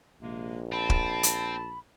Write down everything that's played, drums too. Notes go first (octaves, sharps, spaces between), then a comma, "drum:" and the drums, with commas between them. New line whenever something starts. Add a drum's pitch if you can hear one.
A#1 C3 G#3 A#3
C4 A5 B5
drum: kick
drum: hi-hat